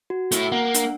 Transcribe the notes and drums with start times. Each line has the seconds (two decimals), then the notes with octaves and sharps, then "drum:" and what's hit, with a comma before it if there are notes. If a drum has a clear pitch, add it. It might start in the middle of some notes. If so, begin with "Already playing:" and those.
0.10 F#4
0.32 A3 E4, drum: hi-hat
0.52 A#3 F#5
0.74 D4, drum: hi-hat